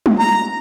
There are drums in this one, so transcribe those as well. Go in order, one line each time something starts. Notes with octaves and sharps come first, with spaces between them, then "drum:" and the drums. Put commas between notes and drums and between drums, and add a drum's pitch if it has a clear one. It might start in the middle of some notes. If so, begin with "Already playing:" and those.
drum: tom G3
A#5